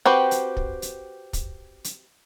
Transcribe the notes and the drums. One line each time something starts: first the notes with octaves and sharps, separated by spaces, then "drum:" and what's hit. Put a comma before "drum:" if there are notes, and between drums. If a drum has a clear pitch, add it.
C4 F#4 G4 B4
drum: hi-hat
drum: kick
drum: hi-hat
drum: kick, hi-hat
drum: hi-hat